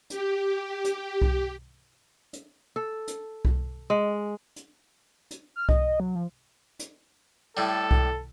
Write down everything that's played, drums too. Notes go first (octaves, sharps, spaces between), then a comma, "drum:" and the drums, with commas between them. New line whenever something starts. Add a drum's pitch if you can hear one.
G4, drum: hi-hat
drum: hi-hat
drum: kick C2
drum: hi-hat
A4
drum: hi-hat
drum: kick C2
G#3
drum: hi-hat
drum: hi-hat
F6
D#5, drum: kick C2
F#3
F3
drum: hi-hat
A2 G3 A4
drum: kick C2